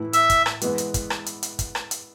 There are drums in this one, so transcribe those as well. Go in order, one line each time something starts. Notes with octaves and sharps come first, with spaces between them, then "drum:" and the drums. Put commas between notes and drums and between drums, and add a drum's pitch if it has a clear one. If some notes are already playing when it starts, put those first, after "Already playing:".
Already playing: A2 E3 E4
E5, drum: hi-hat
drum: kick, hi-hat
drum: rim click
E3 G#3 B3, drum: hi-hat
drum: hi-hat
drum: kick, hi-hat
drum: rim click
drum: hi-hat
drum: hi-hat
drum: kick, hi-hat
drum: rim click
drum: hi-hat